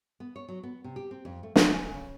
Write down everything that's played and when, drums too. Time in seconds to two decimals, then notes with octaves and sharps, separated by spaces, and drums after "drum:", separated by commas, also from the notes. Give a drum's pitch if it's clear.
0.20 B3
0.36 C#5
0.48 F#3
0.63 B3
0.84 C3
0.96 G4
1.11 C4
1.25 F2
1.43 A3
1.56 G#3, drum: snare
1.73 G#5
1.94 C#3